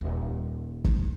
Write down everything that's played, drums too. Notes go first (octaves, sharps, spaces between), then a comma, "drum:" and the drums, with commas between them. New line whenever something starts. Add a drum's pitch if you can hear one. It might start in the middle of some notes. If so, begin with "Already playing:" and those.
D#1 A#2
drum: kick